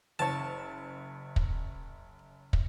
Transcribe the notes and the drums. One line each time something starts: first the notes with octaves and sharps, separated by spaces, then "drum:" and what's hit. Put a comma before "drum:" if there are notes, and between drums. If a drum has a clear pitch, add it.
F#1 C#5 A5
drum: kick
drum: kick